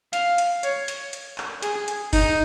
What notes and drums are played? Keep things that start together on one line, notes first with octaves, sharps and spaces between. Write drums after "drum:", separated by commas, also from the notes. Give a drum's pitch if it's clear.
F5, drum: hi-hat
drum: hi-hat
C#5, drum: hi-hat
drum: hi-hat
drum: hi-hat
drum: clap
G#4, drum: hi-hat
drum: hi-hat
D#4, drum: kick G1, open hi-hat